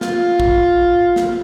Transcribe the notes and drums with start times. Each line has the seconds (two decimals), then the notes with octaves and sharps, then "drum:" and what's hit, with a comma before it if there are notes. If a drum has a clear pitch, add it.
0.01 F4, drum: snare
0.40 drum: kick
1.16 drum: snare